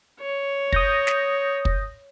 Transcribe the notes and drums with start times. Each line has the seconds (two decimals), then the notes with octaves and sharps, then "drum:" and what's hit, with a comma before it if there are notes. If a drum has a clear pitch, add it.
0.21 C#5
0.72 D#6 G6 A#6, drum: kick
1.07 drum: snare
1.65 drum: kick